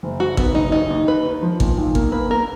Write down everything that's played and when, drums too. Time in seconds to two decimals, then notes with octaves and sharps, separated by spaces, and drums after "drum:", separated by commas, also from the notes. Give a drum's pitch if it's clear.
0.03 F#1
0.20 F#1 F#4
0.37 D#3 B3, drum: kick G#1
0.55 F#1 D#4
0.72 D#2 D#4
0.90 D#2
1.08 D#2 B4
1.25 D#3
1.43 F3
1.60 A#2, drum: kick G#1
1.78 B1
1.95 A#3, drum: kick G#1
2.12 A#3 B4
2.30 A#3 A#4